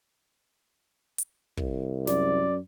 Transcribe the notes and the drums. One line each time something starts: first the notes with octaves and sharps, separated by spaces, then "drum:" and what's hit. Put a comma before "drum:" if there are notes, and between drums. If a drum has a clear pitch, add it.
drum: hi-hat
C2, drum: kick
F#2 D5, drum: snare